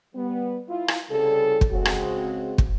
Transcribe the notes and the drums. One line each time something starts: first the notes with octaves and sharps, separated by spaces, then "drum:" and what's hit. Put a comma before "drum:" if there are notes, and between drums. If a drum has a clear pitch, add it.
G3 B3
E4 F4
drum: rim click
C2 C#3 G3 A4
drum: kick
C#3 G#3 C4 F#4
drum: rim click
drum: kick